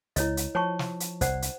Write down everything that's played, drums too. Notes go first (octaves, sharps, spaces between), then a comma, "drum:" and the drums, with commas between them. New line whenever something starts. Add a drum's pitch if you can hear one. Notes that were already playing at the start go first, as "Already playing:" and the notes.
C#2 E4 C#5 D#5, drum: hi-hat
drum: hi-hat
F3 C#5 A5 C#6
drum: snare
drum: hi-hat
C2 C5 D5 F#5, drum: kick, hi-hat
drum: hi-hat